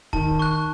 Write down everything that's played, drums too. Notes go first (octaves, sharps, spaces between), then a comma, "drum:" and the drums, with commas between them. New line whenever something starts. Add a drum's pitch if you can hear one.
D#3 A5, drum: kick
C#6 F#6